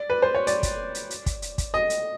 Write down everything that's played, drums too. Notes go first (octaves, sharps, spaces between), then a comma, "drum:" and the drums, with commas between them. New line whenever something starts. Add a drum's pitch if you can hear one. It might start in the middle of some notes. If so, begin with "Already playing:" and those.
Already playing: D5
B4
C5
C#5
D5, drum: hi-hat
drum: kick, hi-hat
drum: hi-hat
drum: hi-hat
drum: kick, hi-hat
drum: hi-hat
drum: kick, hi-hat
D#5
drum: hi-hat